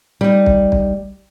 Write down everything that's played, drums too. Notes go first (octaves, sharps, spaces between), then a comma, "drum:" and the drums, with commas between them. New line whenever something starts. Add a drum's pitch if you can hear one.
G3 D#4
drum: kick
drum: kick